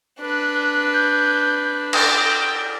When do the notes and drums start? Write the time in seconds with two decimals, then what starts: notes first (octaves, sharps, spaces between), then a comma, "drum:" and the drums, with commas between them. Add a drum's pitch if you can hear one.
0.20 D4 B4
0.94 G6
1.93 G5, drum: cymbal